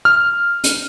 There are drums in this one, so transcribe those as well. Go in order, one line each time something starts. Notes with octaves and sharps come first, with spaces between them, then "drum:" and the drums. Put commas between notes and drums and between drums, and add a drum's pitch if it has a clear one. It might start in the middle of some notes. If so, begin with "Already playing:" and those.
F6
drum: hi-hat